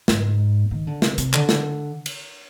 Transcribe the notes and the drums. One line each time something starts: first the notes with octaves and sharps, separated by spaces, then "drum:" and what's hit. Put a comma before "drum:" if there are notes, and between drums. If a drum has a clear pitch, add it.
G#2, drum: snare
D#3
D3
C3, drum: snare
C3, drum: hi-hat
D3, drum: clap
drum: snare
drum: cymbal